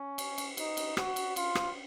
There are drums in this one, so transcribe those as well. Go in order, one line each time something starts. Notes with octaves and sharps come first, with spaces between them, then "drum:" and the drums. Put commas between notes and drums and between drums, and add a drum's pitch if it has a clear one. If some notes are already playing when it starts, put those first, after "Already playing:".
Already playing: C#4
drum: cymbal
drum: cymbal
D#4, drum: cymbal
drum: cymbal
F#4, drum: rim click
drum: cymbal
F4, drum: cymbal
drum: rim click